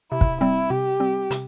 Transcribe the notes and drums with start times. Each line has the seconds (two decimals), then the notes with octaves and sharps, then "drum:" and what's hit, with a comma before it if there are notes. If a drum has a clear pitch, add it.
0.12 C3 E4
0.21 drum: kick
0.41 G3 C4 E4
0.70 C3 G4
1.00 G3 C4
1.31 C3, drum: hi-hat